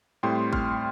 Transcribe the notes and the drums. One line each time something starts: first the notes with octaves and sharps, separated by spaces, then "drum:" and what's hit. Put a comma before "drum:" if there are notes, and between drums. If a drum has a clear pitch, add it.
A2 G3 C4 G5 C6
C6 F6, drum: kick G#1